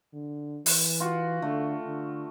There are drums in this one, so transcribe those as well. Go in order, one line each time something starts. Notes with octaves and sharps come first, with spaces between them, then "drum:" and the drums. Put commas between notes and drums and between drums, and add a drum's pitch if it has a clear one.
D3
E3, drum: open hi-hat
F4 F#4
D3 A3
D3